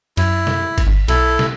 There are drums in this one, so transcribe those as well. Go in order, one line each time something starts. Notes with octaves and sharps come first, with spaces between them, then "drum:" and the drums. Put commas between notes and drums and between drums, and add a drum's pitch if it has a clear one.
F#2 E4, drum: cymbal
drum: snare
drum: kick G1, cymbal
G1
B1 E4 A4, drum: cymbal
drum: snare